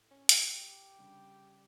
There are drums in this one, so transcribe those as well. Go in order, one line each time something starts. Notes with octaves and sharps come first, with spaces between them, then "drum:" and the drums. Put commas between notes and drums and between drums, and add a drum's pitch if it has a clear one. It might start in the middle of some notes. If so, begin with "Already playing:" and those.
Already playing: A2
C#4
F#4, drum: hi-hat
G4
C#3 G3 D4